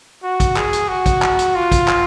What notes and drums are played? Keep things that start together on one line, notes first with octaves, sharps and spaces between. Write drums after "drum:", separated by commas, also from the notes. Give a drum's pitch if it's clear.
F#4
drum: kick, hi-hat
G#4, drum: clap
drum: hi-hat
F#4
drum: kick, hi-hat
drum: clap
drum: hi-hat
F4
drum: kick, hi-hat
drum: clap